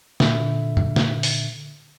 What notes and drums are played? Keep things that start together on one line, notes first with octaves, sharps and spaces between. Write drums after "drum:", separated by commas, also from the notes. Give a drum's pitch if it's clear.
A#2 D3 E5, drum: snare
drum: tom F#2
drum: snare
drum: open hi-hat